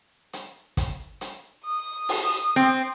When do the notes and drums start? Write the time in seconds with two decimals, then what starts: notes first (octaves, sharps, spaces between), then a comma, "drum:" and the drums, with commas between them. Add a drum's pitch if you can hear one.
0.33 drum: hi-hat
0.77 drum: kick, hi-hat
1.21 drum: hi-hat
1.65 D#6
2.09 drum: open hi-hat
2.56 C4